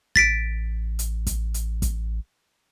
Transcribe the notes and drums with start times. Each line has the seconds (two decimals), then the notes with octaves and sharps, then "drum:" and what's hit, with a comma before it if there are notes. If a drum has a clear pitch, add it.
0.16 A1 A6 B6 D7, drum: kick
0.99 drum: hi-hat
1.27 drum: kick, hi-hat
1.54 drum: hi-hat
1.82 drum: kick, hi-hat